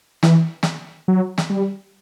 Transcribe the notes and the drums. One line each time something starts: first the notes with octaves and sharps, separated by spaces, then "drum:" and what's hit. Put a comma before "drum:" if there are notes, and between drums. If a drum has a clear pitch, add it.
E3, drum: snare
drum: snare
F#3
drum: snare
G3